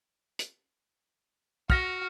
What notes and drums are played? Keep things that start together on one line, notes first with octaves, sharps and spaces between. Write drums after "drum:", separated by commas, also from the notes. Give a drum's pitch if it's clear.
drum: hi-hat
F#4 F6 A#6 G7, drum: kick